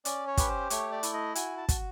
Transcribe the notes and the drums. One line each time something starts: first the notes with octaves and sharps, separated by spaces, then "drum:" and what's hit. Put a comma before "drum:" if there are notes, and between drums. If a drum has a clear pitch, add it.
C#4 D5, drum: hi-hat
C#5
G4 B4, drum: kick, hi-hat
C5
A3 C#5, drum: hi-hat
D5
E4, drum: hi-hat
D#5
F#4 G#5, drum: hi-hat
A5
F#4, drum: kick, hi-hat